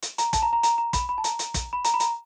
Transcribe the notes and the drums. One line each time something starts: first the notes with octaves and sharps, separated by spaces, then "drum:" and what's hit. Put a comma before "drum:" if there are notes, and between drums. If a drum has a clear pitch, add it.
drum: hi-hat
A#5, drum: hi-hat
A5, drum: kick, hi-hat
A#5
A#5
A#5, drum: hi-hat
A#5
B5, drum: kick, hi-hat
B5
A5
A#5, drum: hi-hat
drum: hi-hat
drum: kick, hi-hat
B5
A#5, drum: hi-hat
B5
A#5, drum: hi-hat